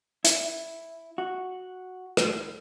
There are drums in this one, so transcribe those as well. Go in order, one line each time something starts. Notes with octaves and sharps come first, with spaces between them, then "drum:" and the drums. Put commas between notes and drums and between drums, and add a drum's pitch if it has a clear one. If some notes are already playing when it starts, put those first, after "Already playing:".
E4, drum: hi-hat
F#4
drum: rim click